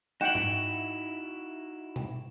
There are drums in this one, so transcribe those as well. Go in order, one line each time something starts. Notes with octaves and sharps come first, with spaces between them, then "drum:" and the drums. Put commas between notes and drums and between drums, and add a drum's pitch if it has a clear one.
D#4 E4 F#4 F#5 G5 E7 F#7
drum: tom G#2
drum: tom B2